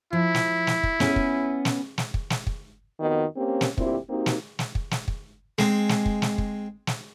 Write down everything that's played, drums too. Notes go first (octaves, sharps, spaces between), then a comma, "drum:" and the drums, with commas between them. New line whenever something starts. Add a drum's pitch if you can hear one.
F3 E4
drum: snare
drum: snare
drum: kick
B3 C#4 G#4, drum: snare
drum: kick
drum: snare
drum: snare
drum: kick
drum: snare
drum: kick
F2 D#3 B3 F#4 D#5
A#3 C4 C#4 G4
drum: snare
D2 A#2 C4 E4 G4, drum: kick
A#3 C4 D#4 F#4 G4
drum: snare
drum: snare
drum: kick
drum: snare
drum: kick
G#3 C4, drum: snare
drum: snare
drum: kick
drum: snare
drum: kick
drum: snare